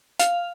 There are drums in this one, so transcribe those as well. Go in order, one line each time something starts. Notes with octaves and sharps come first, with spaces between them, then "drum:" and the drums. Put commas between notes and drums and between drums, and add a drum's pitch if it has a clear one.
F5, drum: hi-hat